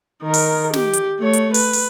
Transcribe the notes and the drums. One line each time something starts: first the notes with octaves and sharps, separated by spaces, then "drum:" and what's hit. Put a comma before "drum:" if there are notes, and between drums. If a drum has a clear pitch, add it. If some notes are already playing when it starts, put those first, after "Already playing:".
D#3 A#4
drum: open hi-hat
G4, drum: snare
drum: hi-hat
A3 C#5
drum: hi-hat
B4, drum: open hi-hat
drum: open hi-hat